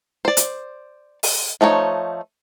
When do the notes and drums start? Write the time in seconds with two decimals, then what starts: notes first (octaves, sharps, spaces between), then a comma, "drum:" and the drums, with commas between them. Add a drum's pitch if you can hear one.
0.25 C5 D5
0.37 drum: hi-hat
1.23 drum: open hi-hat
1.61 F3 A3 D#4 F4 C#5